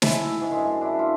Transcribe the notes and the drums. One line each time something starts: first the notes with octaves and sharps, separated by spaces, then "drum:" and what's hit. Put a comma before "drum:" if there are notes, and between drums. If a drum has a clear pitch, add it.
E4 E5 G#5 A5, drum: snare
G#2 G#4
F#2 G#3 D4
D4 E4
F4 E5